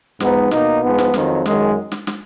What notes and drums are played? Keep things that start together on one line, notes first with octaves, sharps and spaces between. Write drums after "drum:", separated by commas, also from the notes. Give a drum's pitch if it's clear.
G#2 F3 B3 D#4, drum: snare
B2 A#3 D#4, drum: snare
G#2 F3 B3
drum: snare
F2 D#3 F#3, drum: snare
F#2 D#3 G#3, drum: snare
drum: snare
drum: snare